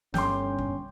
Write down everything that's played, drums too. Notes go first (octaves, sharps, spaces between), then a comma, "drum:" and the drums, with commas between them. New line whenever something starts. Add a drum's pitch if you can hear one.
G1 C#4 G4 C6 D6 G6, drum: snare
drum: kick